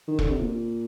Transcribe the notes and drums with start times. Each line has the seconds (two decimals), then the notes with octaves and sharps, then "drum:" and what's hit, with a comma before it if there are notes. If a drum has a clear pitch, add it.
0.08 D#3
0.19 D3, drum: kick E1
0.30 C3
0.40 A#2